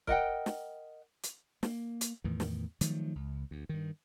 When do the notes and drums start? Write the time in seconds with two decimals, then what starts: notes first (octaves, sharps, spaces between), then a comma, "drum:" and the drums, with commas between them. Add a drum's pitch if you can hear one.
0.07 A#4 D#5 F#5 G5, drum: kick C#1
0.46 drum: snare
1.24 drum: hi-hat
1.63 A#3, drum: snare
2.01 drum: hi-hat
2.24 E2 A2 D#3 E3
2.40 drum: snare
2.81 D#3 F3 F#3 A3, drum: hi-hat
3.15 C#2
3.51 D2
3.69 G2 D#3